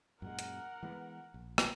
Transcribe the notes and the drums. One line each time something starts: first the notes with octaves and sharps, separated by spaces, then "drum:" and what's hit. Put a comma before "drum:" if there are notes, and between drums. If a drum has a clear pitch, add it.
F#2 A#2 G#3 A#4 F#5
drum: hi-hat
E3 G#3 B3
A#1
drum: rim click